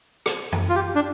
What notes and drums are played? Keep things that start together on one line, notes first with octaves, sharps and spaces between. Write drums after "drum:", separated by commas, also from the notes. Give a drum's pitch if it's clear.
drum: rim click
drum: tom F#2
F4
G4
D4